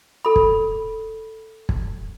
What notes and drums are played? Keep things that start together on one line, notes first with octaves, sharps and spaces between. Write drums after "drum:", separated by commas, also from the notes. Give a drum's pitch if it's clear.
A4 B5
drum: kick
drum: kick